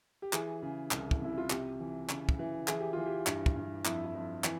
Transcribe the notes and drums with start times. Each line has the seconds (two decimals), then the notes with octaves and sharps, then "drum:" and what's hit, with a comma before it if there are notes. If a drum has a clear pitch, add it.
0.22 G4
0.33 E3 G#4, drum: clap
0.62 C#3
0.91 C2, drum: clap
1.11 drum: kick
1.21 C3 E4
1.38 F4
1.50 C3 G4, drum: clap
1.80 E3
2.09 C#3, drum: clap
2.29 drum: kick
2.39 E3
2.68 E3 G#4, drum: clap
2.80 G4
2.93 E3 F4
3.06 G4
3.27 G2, drum: clap
3.46 drum: kick
3.56 G2
3.85 F2 E4, drum: clap
4.05 E4
4.15 F2
4.44 E3, drum: clap